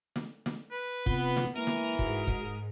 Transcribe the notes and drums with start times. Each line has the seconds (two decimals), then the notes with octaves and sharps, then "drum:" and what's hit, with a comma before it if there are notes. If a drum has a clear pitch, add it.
0.16 drum: snare
0.46 drum: snare
0.71 B4
1.06 C3 B3 C4 F4, drum: kick
1.37 drum: snare
1.56 E3 G#3 A#3 A#4
1.67 drum: snare
1.99 G#2 F#4, drum: kick
2.27 drum: kick